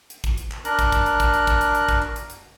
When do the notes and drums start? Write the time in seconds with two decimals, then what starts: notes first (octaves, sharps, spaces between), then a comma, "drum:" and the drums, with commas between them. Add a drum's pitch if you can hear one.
0.10 drum: hi-hat
0.24 drum: kick, hi-hat
0.38 drum: hi-hat
0.51 drum: clap
0.65 D4 A#4 F#6, drum: hi-hat
0.79 drum: kick, hi-hat
0.92 drum: kick, hi-hat
1.06 drum: hi-hat
1.20 drum: kick, hi-hat
1.34 drum: hi-hat
1.47 drum: kick, hi-hat
1.61 drum: hi-hat
1.75 drum: hi-hat
1.89 drum: kick, hi-hat
2.02 drum: clap
2.16 drum: hi-hat
2.30 drum: hi-hat